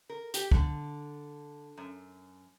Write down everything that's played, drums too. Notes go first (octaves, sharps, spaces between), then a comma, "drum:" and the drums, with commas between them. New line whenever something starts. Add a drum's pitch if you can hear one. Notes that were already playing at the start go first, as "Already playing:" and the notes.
A#4
G4, drum: hi-hat
D3, drum: kick
F#2